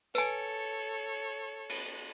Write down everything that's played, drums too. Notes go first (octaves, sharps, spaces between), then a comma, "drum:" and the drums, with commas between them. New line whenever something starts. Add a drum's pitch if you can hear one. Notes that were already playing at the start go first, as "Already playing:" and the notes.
A4 B4 C#5 G#5, drum: tambourine
drum: cymbal